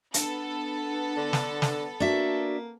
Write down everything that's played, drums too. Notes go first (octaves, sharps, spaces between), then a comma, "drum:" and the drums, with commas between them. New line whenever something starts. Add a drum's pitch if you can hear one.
B3 D4 A4, drum: hi-hat
D3
drum: snare
drum: snare
A#3 D4 F#4 E5